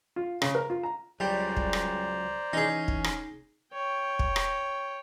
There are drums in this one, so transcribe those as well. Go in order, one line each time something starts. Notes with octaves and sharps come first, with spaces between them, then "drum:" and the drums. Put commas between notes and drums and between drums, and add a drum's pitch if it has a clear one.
F4
C#3, drum: rim click
A#4
F4
A#5
C#2 F#3 G3 C5 D5 A#5
drum: kick
drum: rim click
E3 C#4 D#4 G#4
drum: kick
drum: rim click
C#5 G5
drum: kick
drum: rim click